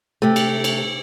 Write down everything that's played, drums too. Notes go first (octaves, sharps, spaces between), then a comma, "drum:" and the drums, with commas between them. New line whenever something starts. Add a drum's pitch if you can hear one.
C3 A3
drum: cymbal
drum: cymbal